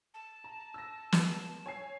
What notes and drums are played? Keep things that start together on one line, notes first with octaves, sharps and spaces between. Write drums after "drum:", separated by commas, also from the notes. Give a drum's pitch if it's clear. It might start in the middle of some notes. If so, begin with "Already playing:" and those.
A5
A#5
E6 A#6
drum: snare
C#5 G#5 C7